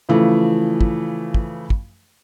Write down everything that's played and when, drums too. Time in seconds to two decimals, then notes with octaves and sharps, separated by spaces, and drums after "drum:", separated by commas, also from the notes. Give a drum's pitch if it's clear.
0.09 C#3 E3 F3 A3
0.81 drum: kick
1.34 drum: kick
1.70 drum: kick